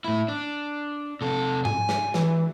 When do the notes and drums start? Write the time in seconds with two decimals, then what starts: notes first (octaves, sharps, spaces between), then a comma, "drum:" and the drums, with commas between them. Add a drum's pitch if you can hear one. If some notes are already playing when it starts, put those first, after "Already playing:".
0.04 A2 E4
0.28 D4
1.21 C3 A4
1.65 G#5, drum: tom G#2
1.89 drum: snare
2.14 E3, drum: snare